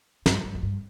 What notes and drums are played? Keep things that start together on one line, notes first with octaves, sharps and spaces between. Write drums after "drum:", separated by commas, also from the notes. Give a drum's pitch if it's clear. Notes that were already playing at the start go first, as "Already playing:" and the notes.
G2, drum: snare
G2
F2
G2